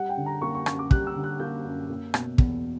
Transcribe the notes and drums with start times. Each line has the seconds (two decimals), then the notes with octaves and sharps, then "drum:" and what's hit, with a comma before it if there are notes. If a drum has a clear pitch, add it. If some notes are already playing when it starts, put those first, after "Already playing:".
Already playing: G3 F#5
0.09 G5
0.18 D3
0.26 A#5
0.42 A#3 C#6
0.55 C#6
0.66 F#2 C#6, drum: rim click
0.79 D6
0.91 G3 F#6, drum: kick
1.07 E6
1.16 D3
1.24 F#6
1.40 A#3 G6
1.65 F#2
1.90 A#3
2.14 B2, drum: rim click
2.38 E2, drum: kick